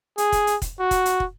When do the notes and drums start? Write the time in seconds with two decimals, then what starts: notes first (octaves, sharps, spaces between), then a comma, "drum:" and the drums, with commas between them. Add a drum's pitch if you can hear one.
0.18 G#4, drum: hi-hat
0.32 drum: kick, hi-hat
0.47 drum: hi-hat
0.62 drum: kick, hi-hat
0.80 F#4
0.91 drum: kick, hi-hat
1.05 drum: hi-hat
1.20 drum: kick